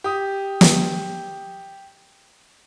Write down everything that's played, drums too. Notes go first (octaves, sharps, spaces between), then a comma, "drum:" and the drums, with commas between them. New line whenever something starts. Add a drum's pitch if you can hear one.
G4 D#6
drum: snare